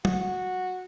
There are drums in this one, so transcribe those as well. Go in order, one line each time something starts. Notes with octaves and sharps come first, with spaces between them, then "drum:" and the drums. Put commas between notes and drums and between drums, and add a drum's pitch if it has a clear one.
F#4, drum: tom